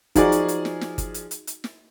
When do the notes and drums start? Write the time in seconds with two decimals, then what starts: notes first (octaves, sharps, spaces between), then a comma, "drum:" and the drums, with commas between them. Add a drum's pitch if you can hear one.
0.15 F3 D#4 F#4 G#4 D5 F#5, drum: kick G1, hi-hat
0.32 drum: hi-hat
0.48 drum: hi-hat
0.65 drum: snare
0.81 drum: snare
0.98 drum: kick G1, hi-hat
1.14 drum: hi-hat
1.31 drum: hi-hat
1.47 drum: hi-hat
1.64 drum: snare